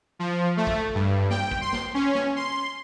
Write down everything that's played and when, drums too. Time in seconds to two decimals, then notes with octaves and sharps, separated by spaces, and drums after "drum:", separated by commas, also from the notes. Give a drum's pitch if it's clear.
0.19 F3
0.57 A3
0.67 drum: kick
0.95 G2
1.30 G5, drum: snare
1.51 drum: kick
1.61 C6
1.73 drum: snare
1.94 C#4
2.15 drum: snare
2.36 C6